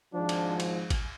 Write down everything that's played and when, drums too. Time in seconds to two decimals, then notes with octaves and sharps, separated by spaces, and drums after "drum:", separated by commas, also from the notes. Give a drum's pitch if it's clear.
0.14 G#1 G#2 F3 D4
0.29 drum: cymbal
0.60 drum: cymbal
0.90 drum: kick G#1, cymbal